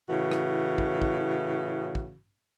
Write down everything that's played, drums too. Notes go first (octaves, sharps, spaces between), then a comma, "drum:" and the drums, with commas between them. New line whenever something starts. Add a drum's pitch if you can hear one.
A2 C#3 E3 F#4
drum: rim click
drum: kick
drum: kick
drum: kick